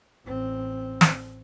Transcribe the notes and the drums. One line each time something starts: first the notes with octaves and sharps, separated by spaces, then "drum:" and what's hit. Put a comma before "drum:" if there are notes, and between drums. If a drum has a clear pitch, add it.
A1 C4
drum: snare